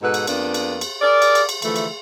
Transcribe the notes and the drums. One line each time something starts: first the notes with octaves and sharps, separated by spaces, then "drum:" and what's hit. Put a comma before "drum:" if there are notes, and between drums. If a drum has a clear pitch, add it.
G#2 B2 A4 B4
drum: cymbal
F2 A#3 B3 D4, drum: cymbal
drum: cymbal
drum: cymbal
G#4 A#4 D5
drum: cymbal
drum: cymbal
drum: cymbal
D3 E3 F3 A3, drum: cymbal
drum: cymbal